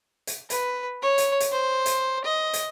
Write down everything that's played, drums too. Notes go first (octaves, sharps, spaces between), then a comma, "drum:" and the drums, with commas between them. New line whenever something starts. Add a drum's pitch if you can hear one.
drum: hi-hat
B4, drum: hi-hat
C#5
drum: hi-hat
drum: hi-hat
C5
drum: hi-hat
D#5
drum: hi-hat